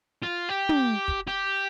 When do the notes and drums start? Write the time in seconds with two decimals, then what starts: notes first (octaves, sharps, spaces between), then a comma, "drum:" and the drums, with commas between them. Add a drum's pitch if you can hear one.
0.23 F4
0.49 G4
0.69 drum: tom
1.08 drum: kick
1.27 G4